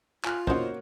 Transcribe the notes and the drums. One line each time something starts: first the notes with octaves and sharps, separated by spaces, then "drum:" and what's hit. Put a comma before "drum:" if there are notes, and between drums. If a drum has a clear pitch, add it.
F4 G#5 F6 F#6, drum: clap
E2 C#3 A#3 D#4 F#4 C5 C#5, drum: kick